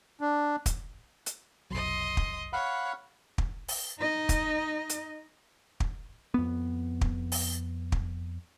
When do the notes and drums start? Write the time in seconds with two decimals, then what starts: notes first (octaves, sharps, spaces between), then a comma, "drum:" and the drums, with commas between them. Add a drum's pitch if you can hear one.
0.21 D4
0.66 drum: kick, hi-hat
1.26 drum: hi-hat
1.71 F1 B1 F#3 D#5 C6
2.17 drum: kick
2.53 C#5 F5 F#5 B5
3.38 drum: kick
3.68 drum: open hi-hat
3.99 D#4 D#5
4.29 drum: kick, hi-hat
4.89 drum: hi-hat
5.80 drum: kick
6.34 F2 B3
7.01 drum: kick
7.32 drum: open hi-hat
7.92 drum: kick